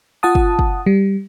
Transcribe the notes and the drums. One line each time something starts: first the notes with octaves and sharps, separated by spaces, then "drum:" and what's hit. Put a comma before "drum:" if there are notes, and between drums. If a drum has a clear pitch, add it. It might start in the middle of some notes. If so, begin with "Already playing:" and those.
F4 F#5 A5 D#6
drum: kick
drum: kick
G3